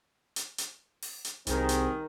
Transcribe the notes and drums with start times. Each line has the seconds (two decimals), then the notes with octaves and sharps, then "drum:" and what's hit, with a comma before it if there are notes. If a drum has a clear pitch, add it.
0.36 drum: hi-hat
0.58 drum: hi-hat
1.02 drum: open hi-hat
1.25 drum: hi-hat
1.47 C2 D#3 G3 C4 G#4, drum: hi-hat
1.69 drum: hi-hat